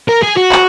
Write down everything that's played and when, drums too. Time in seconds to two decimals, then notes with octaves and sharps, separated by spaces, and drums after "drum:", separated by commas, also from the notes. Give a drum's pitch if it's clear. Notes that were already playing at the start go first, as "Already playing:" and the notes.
0.08 A#4
0.23 G#4
0.37 F#4
0.52 drum: clap